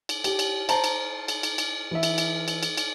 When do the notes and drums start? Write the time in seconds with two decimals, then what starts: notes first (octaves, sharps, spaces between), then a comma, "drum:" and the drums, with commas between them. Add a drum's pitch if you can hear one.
0.09 drum: cymbal
0.24 G4, drum: cymbal
0.39 drum: cymbal
0.69 C5 A5 A#5, drum: cymbal
0.84 drum: cymbal
1.28 drum: cymbal
1.43 drum: cymbal
1.58 drum: cymbal
1.91 E3 E5
2.03 drum: cymbal
2.18 drum: cymbal
2.48 drum: cymbal
2.63 drum: cymbal
2.77 drum: cymbal